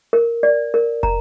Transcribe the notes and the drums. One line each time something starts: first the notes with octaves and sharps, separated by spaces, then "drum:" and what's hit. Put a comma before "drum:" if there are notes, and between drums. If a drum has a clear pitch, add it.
A#4
D5
A#4
A#5, drum: kick